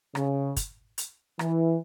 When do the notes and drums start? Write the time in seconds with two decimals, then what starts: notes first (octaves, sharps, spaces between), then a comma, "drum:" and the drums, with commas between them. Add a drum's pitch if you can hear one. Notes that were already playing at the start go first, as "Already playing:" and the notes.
0.15 C#3, drum: rim click
0.56 drum: kick, hi-hat
0.98 drum: hi-hat
1.39 E3, drum: rim click